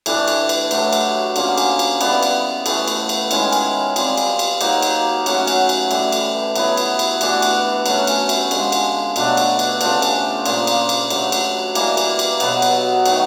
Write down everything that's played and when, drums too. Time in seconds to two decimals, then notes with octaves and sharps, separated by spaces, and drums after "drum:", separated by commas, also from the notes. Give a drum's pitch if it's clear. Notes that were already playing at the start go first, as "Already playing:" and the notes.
0.06 A2 E3 A3 D4, drum: cymbal
0.28 drum: cymbal
0.49 drum: cymbal
0.71 A2 F#3 A3, drum: cymbal
0.93 drum: cymbal
1.36 D3 F3 A#3 C#4, drum: cymbal
1.58 drum: cymbal
1.79 drum: cymbal
2.01 G3 B3 E4, drum: cymbal
2.23 drum: cymbal
2.66 A2 E3 A3, drum: cymbal
2.88 drum: cymbal
3.09 drum: cymbal
3.31 D#3 G#3 C#4 E4, drum: cymbal
3.52 drum: cymbal
3.96 G3 C4 F4 G#4, drum: cymbal
4.17 drum: cymbal
4.39 drum: cymbal
4.61 F#3 A#3 D#4, drum: cymbal
4.82 drum: cymbal
5.26 F#3 A3 C#4 F#4, drum: cymbal
5.47 drum: cymbal
5.69 drum: cymbal
5.91 A2 E3 G3, drum: cymbal
6.12 drum: cymbal
6.56 F#3 B3 E4, drum: cymbal
6.77 drum: cymbal
6.99 drum: cymbal
7.21 E3 A3 D4 F#4, drum: cymbal
7.42 drum: cymbal
7.86 F#3 A3 C#4, drum: cymbal
8.07 drum: cymbal
8.29 drum: cymbal
8.51 D3 F3 G#3, drum: cymbal
8.72 drum: cymbal
9.16 B2 F#3 A3 D4, drum: cymbal
9.37 drum: cymbal
9.59 drum: cymbal
9.81 C#3 F3 A3 D4, drum: cymbal
10.02 drum: cymbal
10.46 A#2 F3 A#3, drum: cymbal
10.67 drum: cymbal
10.89 drum: cymbal
11.10 F#3 A3 D4, drum: cymbal
11.32 drum: cymbal
11.75 E3 G3 A#3, drum: cymbal
11.97 drum: cymbal
12.19 drum: cymbal
12.40 B2 F#3 B3, drum: cymbal
12.62 drum: cymbal
13.06 D#3 F#3 A3, drum: cymbal